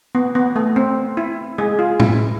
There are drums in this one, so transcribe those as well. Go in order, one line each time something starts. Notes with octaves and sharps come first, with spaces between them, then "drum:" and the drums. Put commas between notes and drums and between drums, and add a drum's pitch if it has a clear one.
B3
B3
A3
C4
E4
G#3 G#4
F4
E4, drum: tom A2